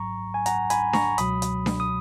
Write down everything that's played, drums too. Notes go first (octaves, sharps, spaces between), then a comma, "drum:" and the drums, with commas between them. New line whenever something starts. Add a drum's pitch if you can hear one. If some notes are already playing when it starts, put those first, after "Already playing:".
Already playing: G#1 G#2 F#3 A#5 C#6
G#5
F#5 A#5, drum: hi-hat
G#5 B5, drum: hi-hat
A#5 C#6, drum: snare D4
C#2 B2 F#3 B5 D#6, drum: hi-hat
drum: hi-hat
drum: snare D4
D#6